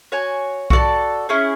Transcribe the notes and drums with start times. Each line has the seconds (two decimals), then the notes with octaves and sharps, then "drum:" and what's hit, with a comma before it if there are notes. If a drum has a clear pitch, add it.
0.12 F#4 C#5 G#5
0.70 F#4 A4 D5 A5, drum: kick B1
1.29 C#4 E4 G#4